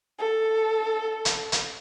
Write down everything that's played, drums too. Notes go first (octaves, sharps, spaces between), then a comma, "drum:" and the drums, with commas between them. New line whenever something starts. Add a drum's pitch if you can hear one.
A4
drum: hi-hat
drum: hi-hat